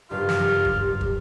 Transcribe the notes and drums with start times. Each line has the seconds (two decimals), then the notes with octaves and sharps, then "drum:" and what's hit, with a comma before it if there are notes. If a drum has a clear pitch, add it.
0.11 F#1 G2 F4 G4 F6
0.29 drum: snare
0.65 drum: kick
1.01 drum: kick